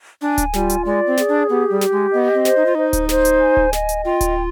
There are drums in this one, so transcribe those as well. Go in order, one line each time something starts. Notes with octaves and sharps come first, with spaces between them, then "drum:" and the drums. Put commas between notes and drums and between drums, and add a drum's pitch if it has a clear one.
D4 G#5
drum: kick D1, hi-hat
G3 F4, drum: snare
drum: hi-hat
G#3 D5
C4
G#4, drum: snare
D4
B3 G4
G3
G4, drum: snare
G#3
B3 D#5
C4
C5, drum: snare
D#4
F4
D#4 C5
drum: kick D1, hi-hat
C5, drum: snare
drum: hi-hat
G#5
drum: kick D1
D#5, drum: snare
drum: hi-hat
F4 G5
drum: kick D1, hi-hat